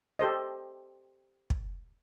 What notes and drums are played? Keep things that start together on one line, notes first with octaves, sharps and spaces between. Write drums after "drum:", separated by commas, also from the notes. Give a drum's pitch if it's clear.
G4 A4 C5 D#5
drum: kick